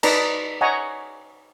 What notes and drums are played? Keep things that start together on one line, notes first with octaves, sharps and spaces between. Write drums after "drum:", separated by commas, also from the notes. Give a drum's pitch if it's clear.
D#4 B4 D5 A5 A#5, drum: cymbal
C#5 D#5 F#5 G#5 A#5